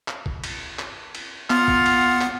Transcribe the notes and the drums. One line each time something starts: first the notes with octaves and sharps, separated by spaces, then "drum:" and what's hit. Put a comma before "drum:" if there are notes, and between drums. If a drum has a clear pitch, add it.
drum: clap
drum: kick
drum: cymbal
drum: clap
drum: cymbal
B3 F4 F#5, drum: clap
drum: kick
drum: cymbal
drum: clap